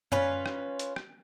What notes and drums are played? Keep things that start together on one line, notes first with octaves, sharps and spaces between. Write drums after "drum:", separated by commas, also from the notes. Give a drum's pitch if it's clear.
C#4 F4 B4, drum: tom F#2
drum: rim click
drum: hi-hat
drum: rim click